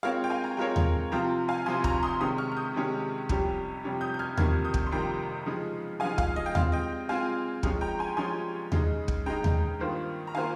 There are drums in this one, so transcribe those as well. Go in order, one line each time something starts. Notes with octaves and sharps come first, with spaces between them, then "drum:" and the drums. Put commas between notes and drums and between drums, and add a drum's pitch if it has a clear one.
G#3 C4 F4 A#4 C#5 F5
G5
F5 G#5
G5 A#5
G#3 C4 F4 A#4 C#5 G5 A#5
drum: tom D#2
C3 F3 C4 F4 G5 A#5
F5 G#5
C3 F3 C4 F4 G#5 C6
A#5 C#6, drum: kick
C6 D#6
C3 D#3 G#3 C#4 G4 C6 D#6
C#6 F6
F6
D#6 G6
C3 D#3 G#3 C#4 G4
F2 C3 G3 C#4 G4, drum: kick
F2 C3 G3 C#4 G4
D#6 G6
G6
F6 G#6
F2 C3 D#3 G3 A#3 F6 G#6, drum: tom D#2
D#6 G6
drum: kick
C6
F2 C3 D#3 G3 A#3 G5 A#5
C#3 F3 G#3 D#4
C#3 F3 G#3 D#4 F5 G#5
F5, drum: kick
D#5
G5
G#3 C4 F4 F5, drum: tom D#2
D#5 G5
G#3 C4 F4 F5 G#5
F3 G#3 C#4 G5 A#5, drum: kick
G5 A#5
G#5 C6
F3 G#3 C#4 G#5 C6
C#3 G#3 D#4, drum: tom D#2
drum: kick
C#3 G#3 D#4 G5 A#5
drum: tom D#2
G2 D#3 A#3 F4 C5
A#5
D#3 A#3 F4 C5 F5 G#5